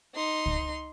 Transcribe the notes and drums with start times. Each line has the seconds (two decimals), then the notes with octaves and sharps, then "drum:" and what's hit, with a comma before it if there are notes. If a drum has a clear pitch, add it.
0.15 D#4 C6
0.46 drum: kick